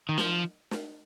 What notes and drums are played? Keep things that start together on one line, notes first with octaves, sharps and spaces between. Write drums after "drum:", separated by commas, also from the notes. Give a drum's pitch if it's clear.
D#3
F3, drum: snare
drum: snare